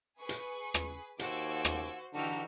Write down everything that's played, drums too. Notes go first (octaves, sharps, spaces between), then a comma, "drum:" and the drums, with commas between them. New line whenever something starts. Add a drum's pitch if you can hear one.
G#4 B4 C#6
drum: hi-hat
drum: rim click
D#2 F#4 C5 D6 E6 G#6, drum: hi-hat
drum: rim click
D3 E3 D#4 F#4 G4 F6